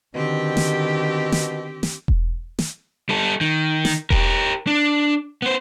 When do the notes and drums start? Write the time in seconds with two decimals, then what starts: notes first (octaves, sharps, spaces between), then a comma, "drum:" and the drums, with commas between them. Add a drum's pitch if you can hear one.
0.15 B2 D3 D#3 C4 G4
0.57 drum: snare
1.32 drum: snare
1.83 drum: snare
2.08 drum: kick E1
2.59 drum: snare
3.09 G3 A4
3.41 D#3
3.85 drum: snare
4.10 G4 A#4, drum: kick E1
4.67 D4
5.42 B3 C5